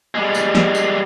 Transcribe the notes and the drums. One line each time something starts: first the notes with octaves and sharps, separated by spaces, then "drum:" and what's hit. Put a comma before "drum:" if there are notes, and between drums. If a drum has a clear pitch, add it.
G3 G#3
drum: tambourine
drum: snare
drum: tambourine